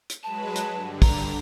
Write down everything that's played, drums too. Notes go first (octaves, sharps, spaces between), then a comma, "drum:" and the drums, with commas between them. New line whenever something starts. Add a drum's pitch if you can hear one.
drum: hi-hat
F#3 G#3 B4 A5
drum: hi-hat
G2 D3
A#5, drum: kick, open hi-hat